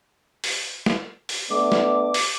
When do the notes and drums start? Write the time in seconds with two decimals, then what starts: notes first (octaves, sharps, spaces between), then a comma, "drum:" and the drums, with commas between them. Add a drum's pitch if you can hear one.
0.44 drum: open hi-hat
0.86 drum: snare
1.29 drum: open hi-hat
1.50 A3 B3 D4 D6
1.72 drum: snare
2.14 drum: open hi-hat